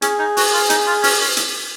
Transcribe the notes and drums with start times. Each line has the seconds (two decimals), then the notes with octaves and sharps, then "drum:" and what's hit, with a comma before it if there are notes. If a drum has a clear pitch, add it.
0.02 C#4 G#4, drum: hi-hat
0.19 D#4
0.37 F#4, drum: open hi-hat
0.53 F4
0.70 D#4, drum: hi-hat
0.87 F4
1.03 C#4, drum: open hi-hat
1.20 C#4
1.37 drum: hi-hat